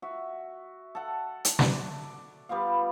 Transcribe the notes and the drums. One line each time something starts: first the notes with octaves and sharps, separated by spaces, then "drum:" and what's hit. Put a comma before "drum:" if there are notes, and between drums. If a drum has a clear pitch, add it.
F#4 E5
A4 F#5
drum: hi-hat
D5, drum: snare
G3 B3 F4 F5